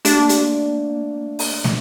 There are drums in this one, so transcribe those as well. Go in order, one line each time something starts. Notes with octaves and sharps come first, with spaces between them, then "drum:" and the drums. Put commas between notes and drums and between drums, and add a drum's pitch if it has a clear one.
A3 D4, drum: hi-hat
A#3
A3, drum: hi-hat
A#3
A3
A#3
A3
A#3
A3
A#3
A3
A#3, drum: open hi-hat
A3
A3, drum: snare